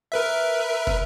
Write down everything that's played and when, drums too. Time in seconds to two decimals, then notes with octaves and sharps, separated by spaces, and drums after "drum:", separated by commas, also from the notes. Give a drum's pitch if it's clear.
0.12 A#4 B4 E5
0.87 drum: kick